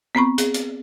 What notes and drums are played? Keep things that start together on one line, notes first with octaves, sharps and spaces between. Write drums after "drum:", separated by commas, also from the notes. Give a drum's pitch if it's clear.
B3 C4 B5 C#6
G#4, drum: hi-hat
drum: hi-hat